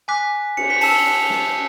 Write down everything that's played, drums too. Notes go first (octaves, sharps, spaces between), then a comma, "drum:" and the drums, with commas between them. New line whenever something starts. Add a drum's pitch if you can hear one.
G#5 D6 F#6 B6
C#7, drum: cymbal
B6
A5 E6 C#7, drum: open hi-hat
drum: snare